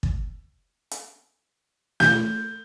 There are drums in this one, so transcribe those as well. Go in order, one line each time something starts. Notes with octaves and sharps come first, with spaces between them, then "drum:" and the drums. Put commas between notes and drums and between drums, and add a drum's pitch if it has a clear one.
drum: kick
drum: hi-hat
G6, drum: snare